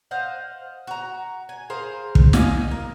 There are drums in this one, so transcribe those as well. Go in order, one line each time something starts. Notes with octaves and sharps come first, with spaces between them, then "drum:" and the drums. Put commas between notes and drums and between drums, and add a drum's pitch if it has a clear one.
C5 D#5 F5 F#5
F#4 A#5
G#5
G#4 A#4 C5 F5
drum: kick
G#4 D#5 F5 G#5, drum: snare
A#4